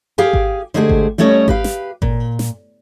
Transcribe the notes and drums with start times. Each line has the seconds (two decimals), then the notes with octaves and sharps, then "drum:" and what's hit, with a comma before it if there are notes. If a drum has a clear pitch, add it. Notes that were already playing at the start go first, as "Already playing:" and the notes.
0.18 G4 G#4 F5 G#5
0.33 drum: kick G#1
0.74 D3 G#3 A3 G4 G#4 C5
0.90 drum: kick G#1
1.18 G3 A3 C#4 C#5 D#5
1.48 G4 B4 F5, drum: kick G#1
1.64 drum: snare
2.02 A#2, drum: kick G#1
2.39 drum: snare